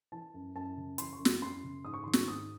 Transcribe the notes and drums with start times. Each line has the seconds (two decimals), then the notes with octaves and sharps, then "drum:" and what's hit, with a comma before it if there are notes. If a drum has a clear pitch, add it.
0.12 E3 A5
0.34 F#2
0.56 F#2 A5
0.77 C#3
0.98 E3 C6, drum: hi-hat
1.13 C#6
1.19 F#2
1.25 C6, drum: snare
1.42 F#2 C6
1.64 C#3
1.85 G#2 D#6
1.94 C#6
2.04 D#3 C6
2.13 C#6, drum: snare
2.28 G#2 D#6